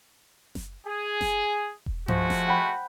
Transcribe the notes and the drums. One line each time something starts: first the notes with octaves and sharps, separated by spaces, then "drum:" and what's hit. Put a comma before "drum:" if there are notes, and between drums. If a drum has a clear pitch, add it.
drum: snare F#1
G#4
drum: snare F#1
drum: kick E1
F3 G#3 A3 F#4, drum: tom G2
drum: snare F#1
F#5 G5 B5